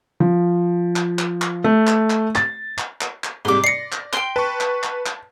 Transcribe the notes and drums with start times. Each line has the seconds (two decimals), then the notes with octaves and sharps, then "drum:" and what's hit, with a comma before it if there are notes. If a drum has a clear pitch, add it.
0.20 F3
0.96 drum: clap
1.19 drum: clap
1.42 drum: clap
1.64 A3
1.87 drum: clap
2.10 drum: clap
2.35 A6, drum: clap
2.78 drum: clap
3.01 drum: clap
3.24 drum: clap
3.45 G#2 C3 G3 C6 D6
3.64 D5 A#6 C7 C#7
3.92 drum: clap
4.13 G5 C6, drum: clap
4.36 B4 A5 C#6
4.61 drum: clap
4.83 drum: clap
5.06 drum: clap